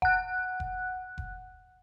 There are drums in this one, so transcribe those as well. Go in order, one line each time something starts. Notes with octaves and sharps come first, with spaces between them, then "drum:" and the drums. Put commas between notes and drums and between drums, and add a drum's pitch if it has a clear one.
F#5 F#6, drum: kick F1
drum: kick F1
drum: kick F1